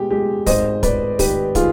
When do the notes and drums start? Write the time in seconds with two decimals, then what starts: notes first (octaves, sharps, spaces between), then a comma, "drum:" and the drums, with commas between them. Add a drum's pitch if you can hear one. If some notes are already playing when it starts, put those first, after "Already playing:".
Already playing: B2 G#3 G4
0.11 G#3 G4
0.46 G#1 C5 D#5, drum: kick, open hi-hat
0.83 G#1 B4 D5, drum: kick, hi-hat
1.19 D#3 G4 B4, drum: kick, open hi-hat
1.55 D#3 F4 G#4, drum: kick, hi-hat